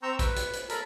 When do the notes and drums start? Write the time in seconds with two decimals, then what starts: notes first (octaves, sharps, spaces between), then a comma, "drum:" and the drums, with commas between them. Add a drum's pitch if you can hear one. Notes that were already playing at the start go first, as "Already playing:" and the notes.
0.03 C4 A#5 C#6 E6 G6
0.19 B4, drum: kick, hi-hat
0.36 drum: hi-hat
0.53 drum: hi-hat
0.69 A4 A#4 B5, drum: hi-hat